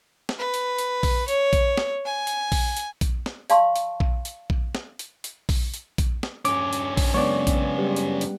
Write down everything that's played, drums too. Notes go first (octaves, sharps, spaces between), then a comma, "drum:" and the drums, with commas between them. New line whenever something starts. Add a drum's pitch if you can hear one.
drum: snare
B4
drum: hi-hat
drum: hi-hat
drum: kick A#1, open hi-hat
C#5, drum: hi-hat
drum: kick A#1, hi-hat
drum: snare
G#5
drum: hi-hat
drum: kick A#1, open hi-hat
drum: hi-hat
drum: kick A#1, hi-hat
drum: snare
D5 F5 A5 C6 C#6, drum: hi-hat
drum: hi-hat
drum: kick A#1
drum: hi-hat
drum: kick A#1
drum: snare
drum: hi-hat
drum: hi-hat
drum: kick A#1, open hi-hat
drum: hi-hat
drum: kick A#1, hi-hat
drum: snare
G2 C#4 D6, drum: hi-hat
drum: hi-hat
drum: kick A#1, open hi-hat
F#2 C#3 G#3 B3 D4 C#5 D5
drum: kick A#1, hi-hat
G3 G4 B4
drum: hi-hat
drum: hi-hat